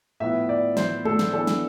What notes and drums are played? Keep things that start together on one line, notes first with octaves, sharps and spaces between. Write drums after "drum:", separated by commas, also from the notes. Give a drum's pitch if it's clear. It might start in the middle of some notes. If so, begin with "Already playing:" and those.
A2 F3 B3 E5
D5
C5, drum: snare
A4, drum: tom G#3
drum: snare
E3 B3 D4 A4
drum: snare